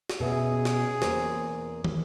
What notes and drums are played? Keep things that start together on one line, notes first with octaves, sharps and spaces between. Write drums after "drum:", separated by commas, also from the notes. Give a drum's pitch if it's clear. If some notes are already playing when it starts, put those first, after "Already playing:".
drum: snare
B2 B3 C#4 G#4 E5
drum: snare
E2 A#3 C5, drum: snare
drum: tom